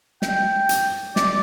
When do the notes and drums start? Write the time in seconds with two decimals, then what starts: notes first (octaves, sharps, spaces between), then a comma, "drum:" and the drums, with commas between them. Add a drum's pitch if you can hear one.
0.22 G5, drum: snare
0.69 drum: hi-hat
1.16 D5, drum: snare